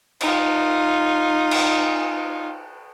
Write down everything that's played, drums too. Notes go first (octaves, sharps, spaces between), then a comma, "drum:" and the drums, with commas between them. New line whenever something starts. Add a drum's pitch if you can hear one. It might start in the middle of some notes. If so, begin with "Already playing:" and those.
D#4 F4, drum: cymbal
drum: cymbal